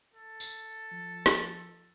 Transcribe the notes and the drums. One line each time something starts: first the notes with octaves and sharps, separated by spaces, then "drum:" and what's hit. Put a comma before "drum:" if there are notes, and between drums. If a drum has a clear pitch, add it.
A4
drum: tambourine
F3
drum: snare